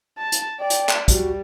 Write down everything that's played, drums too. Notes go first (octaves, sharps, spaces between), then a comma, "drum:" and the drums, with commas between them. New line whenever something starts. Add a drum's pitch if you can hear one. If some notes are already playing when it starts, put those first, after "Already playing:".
A5
drum: hi-hat
D5 G5
drum: hi-hat
drum: clap
G3 F#4, drum: kick, hi-hat